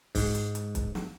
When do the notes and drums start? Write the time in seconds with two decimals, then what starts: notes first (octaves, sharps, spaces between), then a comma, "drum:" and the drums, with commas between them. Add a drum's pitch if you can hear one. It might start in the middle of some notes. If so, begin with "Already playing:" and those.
0.15 G#2, drum: kick, open hi-hat
0.35 drum: hi-hat
0.55 drum: hi-hat
0.75 drum: kick, hi-hat
0.95 drum: snare